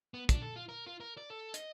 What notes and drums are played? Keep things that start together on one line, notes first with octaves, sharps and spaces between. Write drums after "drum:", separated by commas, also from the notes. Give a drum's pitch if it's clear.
B3
D4, drum: kick, hi-hat
A4
F4
A#4
F4
A#4
D5
A4
D#5, drum: hi-hat